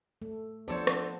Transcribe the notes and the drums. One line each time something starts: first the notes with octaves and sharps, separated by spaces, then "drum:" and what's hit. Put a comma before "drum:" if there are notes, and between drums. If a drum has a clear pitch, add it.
A3
F3 B3 D4 A4 C5 C#5
drum: rim click